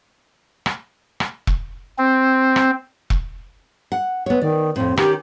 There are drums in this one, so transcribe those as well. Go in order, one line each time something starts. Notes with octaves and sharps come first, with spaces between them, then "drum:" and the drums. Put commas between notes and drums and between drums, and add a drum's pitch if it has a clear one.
drum: rim click
drum: rim click
drum: kick E1
C4
drum: rim click
drum: kick E1
F#5
B3 C#5
D#3 D5
F2 A2 C4
D#3 C#4 G4, drum: rim click